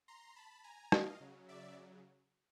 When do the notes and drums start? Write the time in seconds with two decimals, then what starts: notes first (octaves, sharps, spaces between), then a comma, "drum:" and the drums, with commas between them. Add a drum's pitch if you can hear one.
0.08 A#5 C6
0.36 A5 B5
0.64 G#5 A#5
0.92 D#5 F5, drum: rim click
1.20 C#3 F#3
1.48 D5 E5